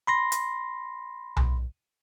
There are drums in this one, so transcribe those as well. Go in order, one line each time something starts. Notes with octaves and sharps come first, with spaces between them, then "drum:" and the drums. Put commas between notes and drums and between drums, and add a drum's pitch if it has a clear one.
B5 C6 A#6
drum: hi-hat
drum: tom B1